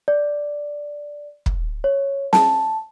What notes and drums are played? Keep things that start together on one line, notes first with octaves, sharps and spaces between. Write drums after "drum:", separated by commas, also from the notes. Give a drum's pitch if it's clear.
D5
drum: kick
C#5
A5, drum: snare